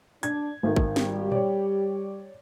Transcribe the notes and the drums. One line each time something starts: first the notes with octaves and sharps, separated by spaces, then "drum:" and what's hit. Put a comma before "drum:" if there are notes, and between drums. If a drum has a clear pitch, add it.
D4 G#6, drum: hi-hat
G#1 D#3 A3
drum: kick
G3 G4, drum: snare
C#5 D5, drum: tom A#2